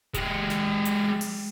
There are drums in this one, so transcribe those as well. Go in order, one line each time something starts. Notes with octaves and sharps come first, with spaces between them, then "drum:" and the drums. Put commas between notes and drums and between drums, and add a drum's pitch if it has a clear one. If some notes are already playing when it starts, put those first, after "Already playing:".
G#3 G4, drum: kick D#1, hi-hat
drum: snare
drum: hi-hat
drum: open hi-hat